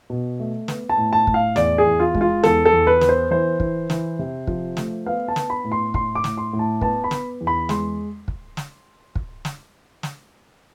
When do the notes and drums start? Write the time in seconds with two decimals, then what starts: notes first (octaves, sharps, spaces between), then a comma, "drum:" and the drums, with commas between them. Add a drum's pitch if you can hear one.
0.10 B2
0.39 A3
0.68 B3, drum: snare
0.89 A5
0.97 A2
1.13 A5
1.27 A2, drum: kick
1.34 F5
1.56 E2 D5, drum: snare
1.78 G#4
1.86 E2
2.00 F4
2.15 G#3, drum: kick
2.21 F4
2.43 E2 A4, drum: snare
2.65 A4
2.73 E2
2.87 B4
3.01 B3, drum: snare
3.09 C5
3.31 E3 C5
3.60 E3, drum: kick
3.90 E3, drum: snare
4.19 C3
4.47 F3, drum: kick
4.77 A3, drum: snare
5.06 B3 F5
5.28 A5
5.36 B3, drum: snare
5.50 B5
5.64 A2
5.72 C6
5.94 A2 C6, drum: kick
6.15 D6
6.24 A2, drum: snare
6.38 C6
6.53 A2
6.59 A5
6.81 B3 A5, drum: kick
7.04 B5
7.11 B3, drum: snare
7.41 E2
7.47 B5
7.69 G#3 C6, drum: snare
8.28 drum: kick
8.57 drum: snare
9.16 drum: kick
9.45 drum: snare
10.03 drum: snare